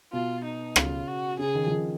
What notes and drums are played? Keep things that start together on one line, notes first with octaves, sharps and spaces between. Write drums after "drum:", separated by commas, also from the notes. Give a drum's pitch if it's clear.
B2 F4
D#4
C#3 F4, drum: rim click
F#4
C#3 G#4
D#3
F3
D#3